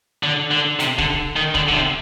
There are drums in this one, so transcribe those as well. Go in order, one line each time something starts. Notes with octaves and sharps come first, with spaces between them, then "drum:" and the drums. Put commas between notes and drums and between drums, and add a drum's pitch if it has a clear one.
D3
D3
C3, drum: hi-hat
D3, drum: kick
D#3
D3, drum: kick
D3
C3